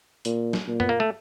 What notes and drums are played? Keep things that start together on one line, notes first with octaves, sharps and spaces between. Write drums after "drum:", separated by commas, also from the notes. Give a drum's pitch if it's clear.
A#2, drum: hi-hat
drum: snare
A#2
B3, drum: tom
A#3
A3